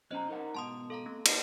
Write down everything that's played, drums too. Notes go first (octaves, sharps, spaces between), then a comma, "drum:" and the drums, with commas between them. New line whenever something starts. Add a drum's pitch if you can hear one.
B1 C#4 C5 D#5 A#5 F#6
D#4 A#4 F#5
G#2 B2 A5 C6 D#6
A4 F5 A#5
A#3 C4
D#4, drum: cymbal